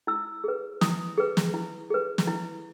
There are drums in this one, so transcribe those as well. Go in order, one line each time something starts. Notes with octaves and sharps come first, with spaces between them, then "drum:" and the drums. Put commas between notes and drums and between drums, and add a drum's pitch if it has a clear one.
E4 E6
G#4 B4
E4 D#6, drum: snare
G#4 B4
drum: snare
E4
G#4 B4
drum: snare
E4